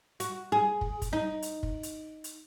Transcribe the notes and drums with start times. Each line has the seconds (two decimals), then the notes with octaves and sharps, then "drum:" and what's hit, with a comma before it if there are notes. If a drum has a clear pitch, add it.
0.20 F#4, drum: hi-hat
0.52 G#4
0.81 drum: kick
1.02 drum: kick, hi-hat
1.13 D#4
1.42 drum: hi-hat
1.63 drum: kick
1.83 drum: hi-hat
2.24 drum: hi-hat